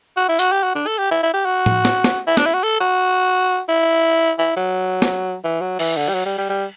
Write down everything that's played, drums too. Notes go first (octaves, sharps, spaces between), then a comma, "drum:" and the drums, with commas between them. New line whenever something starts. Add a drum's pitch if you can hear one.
F#4
E4
F#4, drum: hi-hat
G4
F#4
D4
A4
G4
E4
E4
G4
F#4
drum: tom A2
drum: snare
drum: snare
E4
D4, drum: snare
E4
F#4
A4
F#4
E4
E4
F#3
drum: snare
E3
F#3
E3, drum: cymbal
D3
G3
F#3
G3
G3
G3